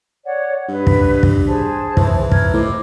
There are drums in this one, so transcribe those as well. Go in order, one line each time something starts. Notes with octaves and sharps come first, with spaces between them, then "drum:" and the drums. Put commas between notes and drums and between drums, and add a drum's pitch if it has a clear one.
C#5 D5 F#5
G2 B4 D#5
drum: kick
drum: kick
G#4 C5 A5
E3, drum: kick
A#5 F6 G#6, drum: kick
A2 C5 D#5 D6